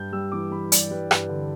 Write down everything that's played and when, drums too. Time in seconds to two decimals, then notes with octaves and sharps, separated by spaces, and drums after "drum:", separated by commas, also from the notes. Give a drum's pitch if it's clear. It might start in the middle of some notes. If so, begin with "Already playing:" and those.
Already playing: G2 G6
0.12 G3 E6
0.32 E3 D6
0.51 E3 B5
0.72 G2 D5, drum: hi-hat
0.90 G3 B4
1.11 G2 B4, drum: rim click
1.29 D3